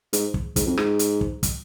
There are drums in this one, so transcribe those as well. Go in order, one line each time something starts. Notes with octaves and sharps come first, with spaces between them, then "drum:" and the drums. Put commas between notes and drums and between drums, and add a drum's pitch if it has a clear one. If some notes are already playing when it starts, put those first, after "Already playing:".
G#2, drum: hi-hat
drum: kick
G#2, drum: kick, hi-hat
F2
G#2, drum: rim click
drum: hi-hat
drum: kick
drum: kick, hi-hat